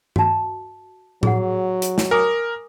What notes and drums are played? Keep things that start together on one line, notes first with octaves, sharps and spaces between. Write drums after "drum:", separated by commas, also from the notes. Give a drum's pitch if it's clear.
F#4 A5, drum: tom G2
F#3 G#4 F#5, drum: tom A2
drum: hi-hat
drum: snare
A#4 G#5 D6 D#6